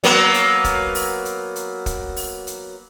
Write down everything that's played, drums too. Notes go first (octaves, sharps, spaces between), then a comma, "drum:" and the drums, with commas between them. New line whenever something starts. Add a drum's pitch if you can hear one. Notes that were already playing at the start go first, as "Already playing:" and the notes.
F#3 A#3 B3, drum: hi-hat
drum: hi-hat
drum: kick, hi-hat
drum: open hi-hat
drum: hi-hat
drum: hi-hat
drum: kick, hi-hat
drum: open hi-hat
drum: hi-hat